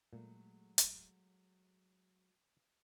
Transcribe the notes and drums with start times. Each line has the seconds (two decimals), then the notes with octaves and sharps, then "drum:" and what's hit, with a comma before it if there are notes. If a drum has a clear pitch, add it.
0.13 A#2 F#3 G#3 A3
0.78 drum: hi-hat